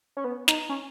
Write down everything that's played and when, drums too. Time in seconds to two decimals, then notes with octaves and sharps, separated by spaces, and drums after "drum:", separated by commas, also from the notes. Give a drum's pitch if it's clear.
0.17 C#4
0.24 B3
0.48 D#4, drum: snare
0.69 C#4